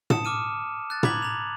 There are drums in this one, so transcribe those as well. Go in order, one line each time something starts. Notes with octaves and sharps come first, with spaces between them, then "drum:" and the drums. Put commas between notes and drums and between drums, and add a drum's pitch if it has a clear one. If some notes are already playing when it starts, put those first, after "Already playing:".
A5 D#6 C#7 E7, drum: tom
D6 F6 D#7
F#6 A6
A#5 B5 D6 G#6 B6 F#7, drum: tom
A#5 F7